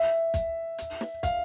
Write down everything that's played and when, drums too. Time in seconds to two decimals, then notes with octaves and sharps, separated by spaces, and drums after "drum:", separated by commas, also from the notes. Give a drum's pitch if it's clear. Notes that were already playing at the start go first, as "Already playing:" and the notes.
Already playing: E5
0.34 drum: kick, hi-hat
0.78 drum: hi-hat
1.01 drum: snare
1.23 F5, drum: kick, hi-hat